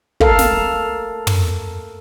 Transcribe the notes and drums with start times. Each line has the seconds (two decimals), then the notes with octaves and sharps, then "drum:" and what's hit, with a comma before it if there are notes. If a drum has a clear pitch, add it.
0.21 A4 A#4 F5, drum: kick
0.39 drum: snare
1.27 drum: tom